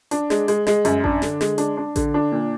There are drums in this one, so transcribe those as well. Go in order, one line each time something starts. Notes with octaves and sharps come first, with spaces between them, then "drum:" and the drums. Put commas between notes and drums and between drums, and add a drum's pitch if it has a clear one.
D4, drum: hi-hat
G#3, drum: snare
G#3, drum: hi-hat
G#3, drum: snare
F#2, drum: hi-hat
D4, drum: kick A1
D3, drum: snare
G#3, drum: snare
D4, drum: hi-hat
D4
D3, drum: kick A1, hi-hat
D4
A#2